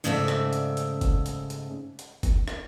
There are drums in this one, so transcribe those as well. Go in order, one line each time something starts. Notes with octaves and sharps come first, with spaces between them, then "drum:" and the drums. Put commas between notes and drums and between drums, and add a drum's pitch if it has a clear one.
G#2 C#3 A3 C5 D5 E5
drum: rim click
drum: hi-hat
drum: hi-hat
drum: kick, hi-hat
drum: hi-hat
drum: hi-hat
drum: hi-hat
drum: kick, hi-hat
drum: rim click